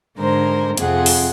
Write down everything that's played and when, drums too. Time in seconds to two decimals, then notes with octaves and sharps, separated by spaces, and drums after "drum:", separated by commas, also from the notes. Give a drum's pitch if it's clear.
0.18 G#2 D3 G#3 A#4 C5
0.77 F2 C3 C4 F4 G#4 F#5, drum: hi-hat
1.06 drum: open hi-hat